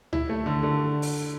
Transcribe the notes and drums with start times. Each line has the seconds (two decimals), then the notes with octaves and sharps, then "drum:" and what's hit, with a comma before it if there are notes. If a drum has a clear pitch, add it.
0.13 E4, drum: tom C#2
0.29 A3
0.46 D3
0.63 D3
1.02 drum: open hi-hat